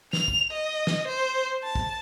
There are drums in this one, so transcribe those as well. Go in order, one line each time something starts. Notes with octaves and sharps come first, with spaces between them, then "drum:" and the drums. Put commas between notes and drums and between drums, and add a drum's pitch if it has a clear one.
F7, drum: snare
drum: kick
D#5
drum: snare
C5
A5
drum: kick